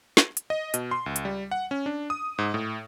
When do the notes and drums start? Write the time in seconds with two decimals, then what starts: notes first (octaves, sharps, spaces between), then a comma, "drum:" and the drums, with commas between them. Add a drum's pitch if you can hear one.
0.17 drum: snare
0.37 drum: hi-hat
0.50 D#5
0.74 B2, drum: hi-hat
0.91 C6
1.06 C#2
1.16 drum: hi-hat
1.25 G3
1.51 F#5
1.71 C#4
1.86 D4
2.10 D#6
2.38 G#2
2.54 A2